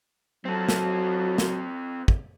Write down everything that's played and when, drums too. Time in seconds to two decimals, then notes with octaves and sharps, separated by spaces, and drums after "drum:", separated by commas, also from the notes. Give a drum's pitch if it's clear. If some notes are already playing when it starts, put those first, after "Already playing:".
0.45 F#3 C4 A4
0.69 drum: snare
1.38 drum: snare
2.08 drum: kick